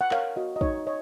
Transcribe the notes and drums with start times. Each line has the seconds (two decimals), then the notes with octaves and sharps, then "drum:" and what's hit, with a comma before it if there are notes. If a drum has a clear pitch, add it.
0.01 F#5
0.11 A#4 C#5 F5, drum: clap
0.36 F#4 D#5
0.56 D#5
0.61 D#4 C#5, drum: kick
0.87 C#5 D#5